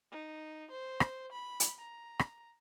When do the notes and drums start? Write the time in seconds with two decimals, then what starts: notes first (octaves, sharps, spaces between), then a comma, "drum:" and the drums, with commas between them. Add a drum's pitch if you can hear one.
0.11 D#4
0.70 C5
1.00 drum: rim click
1.32 B5
1.60 drum: hi-hat
1.79 A#5
2.19 drum: rim click